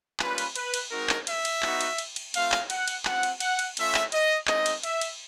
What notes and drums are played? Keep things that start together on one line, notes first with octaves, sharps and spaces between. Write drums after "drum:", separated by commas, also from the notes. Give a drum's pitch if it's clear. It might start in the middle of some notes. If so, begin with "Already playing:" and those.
G3 A#3 C#4 F4 B4, drum: clap
drum: cymbal
B4, drum: cymbal
drum: cymbal
G#3 C4 D#4 F#4 A#4
drum: clap
E5, drum: cymbal
drum: cymbal
B3 D#4 F#4, drum: clap
drum: cymbal
drum: cymbal
drum: cymbal
A3 C4 F4 F5, drum: cymbal
drum: clap
F#5, drum: cymbal
drum: cymbal
C4 F4 F#5, drum: clap
drum: cymbal
F#5, drum: cymbal
drum: cymbal
A3 C#4 F4 E5, drum: cymbal
drum: clap
D#5, drum: cymbal
G#3 C4 D#4 D#5, drum: clap
drum: cymbal
E5, drum: cymbal
drum: cymbal